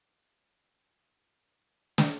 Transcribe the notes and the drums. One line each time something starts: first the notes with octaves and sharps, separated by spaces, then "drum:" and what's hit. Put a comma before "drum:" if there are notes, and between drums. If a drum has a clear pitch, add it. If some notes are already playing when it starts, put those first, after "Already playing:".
A4
G#4
F#4
F#4
drum: snare